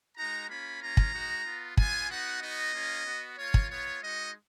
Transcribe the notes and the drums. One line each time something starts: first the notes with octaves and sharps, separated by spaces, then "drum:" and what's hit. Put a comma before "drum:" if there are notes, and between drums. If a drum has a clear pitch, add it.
G#3 D#4 F#4 A#5
A#3 C#4 F4 B5
A#3 C#4 F4 A#5
drum: kick
G#3 D#4 F#4
B3 F4
B3 F4 G#5, drum: kick
B3 D#4 F#4 F#5
B3 D#4 F#4 D#5
A#3 C#4 F4
B3 F#4
A#3 F4 C#5
drum: kick
B3 F4 C#5
G#3 D#4 F#4 D#5